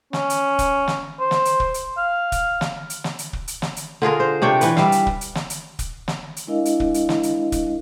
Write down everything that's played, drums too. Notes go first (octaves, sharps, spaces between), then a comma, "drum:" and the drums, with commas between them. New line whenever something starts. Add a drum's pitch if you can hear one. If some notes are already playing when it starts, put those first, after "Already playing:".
C#4, drum: snare
drum: hi-hat
drum: kick, hi-hat
drum: snare
C5
drum: snare
drum: hi-hat
drum: kick
drum: hi-hat
F5
drum: kick, hi-hat
drum: snare
drum: hi-hat
drum: snare
drum: hi-hat
drum: kick
drum: hi-hat
drum: snare
drum: hi-hat
D3 F4 G#4 A#4
C5
C3 D4 C#5 G5
E3 B4, drum: hi-hat
G3 E5 F5, drum: snare
drum: hi-hat
drum: kick
drum: hi-hat
drum: snare
drum: hi-hat
drum: kick, hi-hat
drum: snare
drum: hi-hat
G#3 D4 E4 A#4 D#5 F5
drum: hi-hat
drum: kick
drum: hi-hat
drum: snare
drum: hi-hat
drum: kick, hi-hat